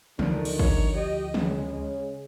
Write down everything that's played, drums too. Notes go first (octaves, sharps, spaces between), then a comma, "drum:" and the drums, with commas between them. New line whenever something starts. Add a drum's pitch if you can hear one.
D2 D3 D#3 F3 A3 D4, drum: tom
drum: cymbal
C#5, drum: kick
G4 D#5
C#3 G#3, drum: tom